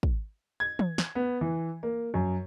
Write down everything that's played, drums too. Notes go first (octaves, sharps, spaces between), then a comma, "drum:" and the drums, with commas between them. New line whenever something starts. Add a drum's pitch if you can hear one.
drum: kick
G#6
drum: tom
drum: snare
B3
E3
A#3
F#2